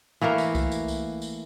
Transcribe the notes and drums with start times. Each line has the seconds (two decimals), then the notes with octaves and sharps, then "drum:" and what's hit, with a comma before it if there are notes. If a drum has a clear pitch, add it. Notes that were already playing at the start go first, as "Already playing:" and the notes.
0.21 E3 A3 A#3 A#4
0.38 drum: tambourine
0.55 drum: kick C2, tambourine
0.72 drum: tambourine
0.88 drum: tambourine
1.22 drum: tambourine